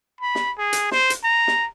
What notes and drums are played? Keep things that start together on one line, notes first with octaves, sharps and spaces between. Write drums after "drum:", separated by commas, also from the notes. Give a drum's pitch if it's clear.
B5
drum: snare
G#4
drum: hi-hat
C5, drum: snare
drum: hi-hat
A#5
drum: snare